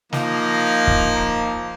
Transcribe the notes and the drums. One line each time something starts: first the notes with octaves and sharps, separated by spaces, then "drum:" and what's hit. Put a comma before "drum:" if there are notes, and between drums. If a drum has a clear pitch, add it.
F3 A#3 D#4, drum: snare
drum: kick